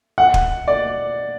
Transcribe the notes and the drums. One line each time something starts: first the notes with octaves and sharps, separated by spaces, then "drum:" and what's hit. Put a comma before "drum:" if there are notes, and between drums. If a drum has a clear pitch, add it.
F#5
drum: kick
D5